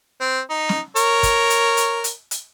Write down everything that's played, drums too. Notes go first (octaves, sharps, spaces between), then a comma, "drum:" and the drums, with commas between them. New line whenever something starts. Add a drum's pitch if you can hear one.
C4
D#4
drum: snare
A#4 C#5, drum: hi-hat
drum: kick, hi-hat
drum: hi-hat
drum: hi-hat
drum: hi-hat
drum: hi-hat